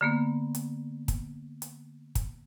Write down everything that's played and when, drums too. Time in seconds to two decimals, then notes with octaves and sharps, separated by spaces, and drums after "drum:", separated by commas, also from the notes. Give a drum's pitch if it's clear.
0.01 D3 A#3 B3
0.55 drum: hi-hat
1.08 drum: kick, hi-hat
1.62 drum: hi-hat
2.15 drum: kick, hi-hat